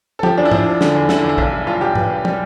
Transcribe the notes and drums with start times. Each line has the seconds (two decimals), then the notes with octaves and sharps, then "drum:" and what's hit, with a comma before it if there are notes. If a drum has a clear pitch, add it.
0.19 A4
0.23 F3 G4, drum: tom
0.37 E2 D4
0.45 E4
0.51 F3 D4, drum: tom
0.66 F3
0.81 D3, drum: snare
0.95 E2
1.09 D3 E4, drum: snare
1.19 E4
1.24 E2
1.29 E4
1.38 B1 D4, drum: kick
1.52 G3 E4
1.67 B1 F4
1.81 B1 G4
1.95 B1 B4, drum: tom
2.10 B1
2.25 G3, drum: tom